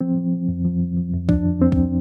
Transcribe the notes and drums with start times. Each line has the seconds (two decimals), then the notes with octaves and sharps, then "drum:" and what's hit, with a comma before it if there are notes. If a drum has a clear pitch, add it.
0.01 F3 C4
0.17 F3
0.33 F3
0.48 F2
0.65 F3
0.81 F2
0.97 F3
1.14 F2
1.29 F3 D4, drum: kick
1.46 F2
1.61 F2 C4
1.72 drum: kick